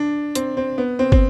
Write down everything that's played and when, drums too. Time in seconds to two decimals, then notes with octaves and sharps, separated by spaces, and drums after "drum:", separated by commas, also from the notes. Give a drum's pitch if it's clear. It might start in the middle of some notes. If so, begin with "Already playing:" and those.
Already playing: D4
0.35 C4, drum: hi-hat
0.57 C4
0.78 B3
0.99 C4
1.12 C4, drum: kick